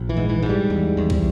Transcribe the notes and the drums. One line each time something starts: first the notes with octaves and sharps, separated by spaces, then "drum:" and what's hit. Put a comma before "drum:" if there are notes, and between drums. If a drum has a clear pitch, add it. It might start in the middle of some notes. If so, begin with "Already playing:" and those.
Already playing: A#1
E3
G#2
E3
G#2
G3
E2
E2
drum: kick